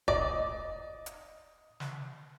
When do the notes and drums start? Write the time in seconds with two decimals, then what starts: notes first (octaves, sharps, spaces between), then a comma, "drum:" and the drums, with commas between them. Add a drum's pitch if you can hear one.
0.08 D5 D#5, drum: kick
1.06 drum: hi-hat
1.80 drum: snare